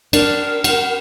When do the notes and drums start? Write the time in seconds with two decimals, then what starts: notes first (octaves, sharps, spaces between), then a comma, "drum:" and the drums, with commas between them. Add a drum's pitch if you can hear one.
0.13 D4 A#4, drum: cymbal
0.64 F#5, drum: cymbal